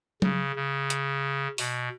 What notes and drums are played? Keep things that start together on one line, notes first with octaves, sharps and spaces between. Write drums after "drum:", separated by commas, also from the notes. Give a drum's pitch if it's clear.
C#3, drum: tom F#3
C#3
drum: hi-hat
B2, drum: open hi-hat